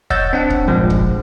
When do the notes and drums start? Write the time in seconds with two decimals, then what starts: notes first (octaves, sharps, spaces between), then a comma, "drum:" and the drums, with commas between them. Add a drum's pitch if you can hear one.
0.10 C#5 D#5 F#5 E6 G6 A6, drum: kick
0.33 C4 D4 F#5
0.50 drum: kick
0.68 A#1 G2 F3 G#3
0.90 drum: kick